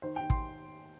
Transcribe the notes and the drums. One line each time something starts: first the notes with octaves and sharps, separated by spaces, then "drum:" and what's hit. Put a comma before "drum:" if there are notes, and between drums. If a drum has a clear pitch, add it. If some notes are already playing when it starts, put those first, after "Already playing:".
D#3 C5
G5
D#3
C6, drum: kick